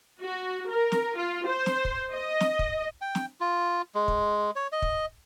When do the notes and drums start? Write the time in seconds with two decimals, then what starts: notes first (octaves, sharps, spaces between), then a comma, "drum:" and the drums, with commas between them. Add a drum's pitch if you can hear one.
0.22 F#4
0.70 A#4
0.92 drum: snare
1.16 F4
1.47 C5
1.66 drum: snare
1.85 drum: kick
2.15 D#5
2.40 drum: snare
2.59 drum: kick
3.01 G5
3.15 drum: snare
3.41 F4
3.95 G#3
4.08 drum: kick
4.56 C#5
4.72 D#5
4.82 drum: kick